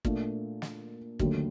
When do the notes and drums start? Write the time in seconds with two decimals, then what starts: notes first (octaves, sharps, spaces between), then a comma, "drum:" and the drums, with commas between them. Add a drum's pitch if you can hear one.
0.05 A#2 A3 D4, drum: kick
0.62 drum: snare
1.19 D#2 D3 F#3 A3, drum: kick